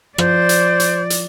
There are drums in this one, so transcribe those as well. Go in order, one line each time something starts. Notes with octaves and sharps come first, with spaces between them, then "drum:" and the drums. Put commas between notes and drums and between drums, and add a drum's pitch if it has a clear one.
F3 C5 D5, drum: rim click
drum: hi-hat
drum: hi-hat
drum: hi-hat